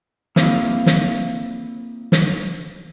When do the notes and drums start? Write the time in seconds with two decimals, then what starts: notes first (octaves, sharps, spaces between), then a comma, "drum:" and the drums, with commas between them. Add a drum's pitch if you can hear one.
0.36 A#3 C4 E4 G#4 E5 F5, drum: snare
0.86 drum: snare
2.12 drum: snare